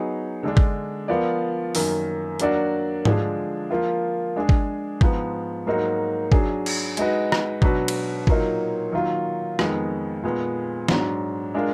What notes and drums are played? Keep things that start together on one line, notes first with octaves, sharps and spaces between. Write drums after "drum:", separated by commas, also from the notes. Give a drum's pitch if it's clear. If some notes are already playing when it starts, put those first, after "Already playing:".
Already playing: F#3 B3 D#4 G#4
D3 G#3 D4
drum: kick
F3 B3 F4 A#4 D5
F#2 D#3 A#3, drum: open hi-hat
F#3 A#3 D4 F#4 D5, drum: hi-hat
D3 F3 G#3 D4 G#4, drum: tom G#2
F3 A#3 F4
G#3 D4 G#4
drum: kick
G#2 F3 B3, drum: kick
G#2 F#3 A#3 D#4 F#4
F#3 D4 G#4, drum: kick
drum: cymbal
G#3 D#4 F#4 B4 D#5, drum: hi-hat
drum: rim click
B2 F#3 D4 F#4 B4, drum: kick
drum: cymbal
A#2 F#3 A#3 D#4, drum: kick
D#3 F#3 A#3 F4
F2 D#3 G#3 B3, drum: rim click
A#2 G#3 B3
G#2 F#3 D4, drum: snare
G#3 D4 F4 A#4